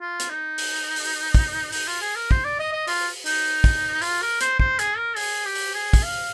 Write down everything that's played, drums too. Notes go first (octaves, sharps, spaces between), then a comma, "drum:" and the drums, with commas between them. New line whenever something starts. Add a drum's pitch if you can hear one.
F4
drum: hi-hat
D#4
drum: open hi-hat
drum: open hi-hat
drum: kick, open hi-hat
D#4, drum: open hi-hat
F4
G#4
A#4
C5, drum: kick
D5
D#5
D#5
F4, drum: open hi-hat
D#4, drum: open hi-hat
drum: kick, open hi-hat
F4, drum: open hi-hat
A#4
C5, drum: hi-hat
C5, drum: kick
G#4, drum: hi-hat
A#4
G#4, drum: open hi-hat
G4
drum: open hi-hat
G#4
drum: kick, open hi-hat
F5